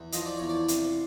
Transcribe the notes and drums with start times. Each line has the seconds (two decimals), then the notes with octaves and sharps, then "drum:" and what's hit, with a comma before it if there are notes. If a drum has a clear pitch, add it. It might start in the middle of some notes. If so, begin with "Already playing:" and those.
Already playing: E2
0.12 F3 D#5, drum: hi-hat
0.25 D5
0.37 E2 C#5
0.49 D5
0.68 C3, drum: hi-hat